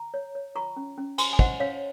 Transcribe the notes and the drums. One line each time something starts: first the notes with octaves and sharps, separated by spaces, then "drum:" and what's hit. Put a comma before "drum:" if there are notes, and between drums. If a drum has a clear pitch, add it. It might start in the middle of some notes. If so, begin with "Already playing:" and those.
Already playing: A#5
C#5
C#5
F4 A#5 C#6
C#4
C#4
C5 G#5 C6, drum: cymbal
G#5
C5 D#5 F#5, drum: kick
C#4 C#5 F5